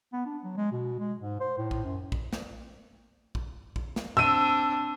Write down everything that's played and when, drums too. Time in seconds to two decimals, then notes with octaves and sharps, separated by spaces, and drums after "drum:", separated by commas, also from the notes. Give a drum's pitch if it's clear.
0.13 B3
0.26 D4
0.44 F#3
0.57 G#3
0.72 B2
1.00 G#3
1.21 G#2
1.41 C5
1.58 A2
1.71 drum: kick A#1
1.84 F#2
2.12 drum: kick A#1
2.33 drum: snare
3.35 drum: kick A#1
3.76 drum: kick A#1
3.96 drum: snare
4.17 C4 D4 E6 D#7